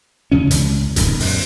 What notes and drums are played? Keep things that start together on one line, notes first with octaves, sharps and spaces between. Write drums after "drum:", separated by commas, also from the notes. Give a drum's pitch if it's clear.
E2 C#3 C#4
C#2, drum: hi-hat
D1 B1 F#2, drum: hi-hat
F#2, drum: open hi-hat